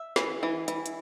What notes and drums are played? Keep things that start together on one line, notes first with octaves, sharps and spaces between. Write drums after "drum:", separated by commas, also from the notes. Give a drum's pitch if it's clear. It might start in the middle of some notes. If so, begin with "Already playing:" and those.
Already playing: E5
E3, drum: snare
E3
E3, drum: hi-hat
drum: hi-hat